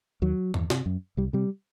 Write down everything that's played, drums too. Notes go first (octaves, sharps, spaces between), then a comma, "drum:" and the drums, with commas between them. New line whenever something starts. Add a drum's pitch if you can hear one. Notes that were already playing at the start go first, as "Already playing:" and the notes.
D#2 F#3
E2, drum: tom G2
C3, drum: snare
F#2
C2 G3
C3 G3